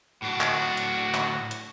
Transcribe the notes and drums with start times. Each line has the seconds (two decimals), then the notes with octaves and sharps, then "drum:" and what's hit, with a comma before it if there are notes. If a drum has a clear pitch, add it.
0.22 A2 D4 F#4
0.41 drum: clap
0.77 drum: hi-hat
1.14 drum: clap
1.51 drum: hi-hat